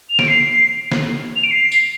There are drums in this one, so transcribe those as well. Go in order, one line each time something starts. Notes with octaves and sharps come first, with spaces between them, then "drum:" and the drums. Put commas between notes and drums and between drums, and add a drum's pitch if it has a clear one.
F7
D7, drum: snare
C7
drum: snare
F7
D7
C7
drum: tambourine